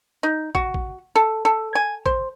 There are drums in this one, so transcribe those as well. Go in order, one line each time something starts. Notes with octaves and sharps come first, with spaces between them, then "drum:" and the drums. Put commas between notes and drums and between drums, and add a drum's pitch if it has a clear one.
D#4
F#4, drum: kick
drum: kick
A4
A4
G#5
C5, drum: kick